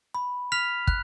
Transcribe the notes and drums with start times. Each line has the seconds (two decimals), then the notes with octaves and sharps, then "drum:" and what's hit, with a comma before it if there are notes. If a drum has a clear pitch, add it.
0.14 B5
0.52 F6 B6 F7
0.87 F#6, drum: kick